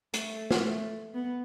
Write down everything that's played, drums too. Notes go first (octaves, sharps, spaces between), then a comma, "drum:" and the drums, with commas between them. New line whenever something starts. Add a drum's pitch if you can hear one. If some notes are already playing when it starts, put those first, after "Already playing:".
A3, drum: hi-hat
drum: snare
A3
B3